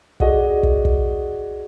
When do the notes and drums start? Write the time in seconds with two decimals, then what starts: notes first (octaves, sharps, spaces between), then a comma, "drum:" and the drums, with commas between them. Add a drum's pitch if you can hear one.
0.20 F#4 G#4 D5 D#5 F#5, drum: kick
0.63 drum: kick
0.85 drum: kick